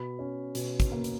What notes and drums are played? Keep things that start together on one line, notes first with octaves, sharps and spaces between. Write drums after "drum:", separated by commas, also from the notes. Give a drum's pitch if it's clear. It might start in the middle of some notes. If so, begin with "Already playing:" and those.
Already playing: B2 B5
C#4
B2, drum: hi-hat
drum: kick, hi-hat
A#3
drum: hi-hat